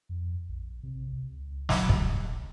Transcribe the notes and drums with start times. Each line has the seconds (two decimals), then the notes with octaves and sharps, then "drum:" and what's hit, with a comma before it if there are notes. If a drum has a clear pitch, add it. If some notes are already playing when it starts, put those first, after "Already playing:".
0.09 F2
0.49 A#1
0.83 C3
1.12 C#2
1.69 F#3, drum: snare
1.89 D1, drum: kick